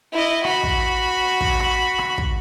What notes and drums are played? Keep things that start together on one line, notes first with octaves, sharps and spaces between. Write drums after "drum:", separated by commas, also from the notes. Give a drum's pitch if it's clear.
E4 D#5
F#4 B5, drum: rim click
drum: kick
drum: kick
drum: rim click
drum: rim click
drum: kick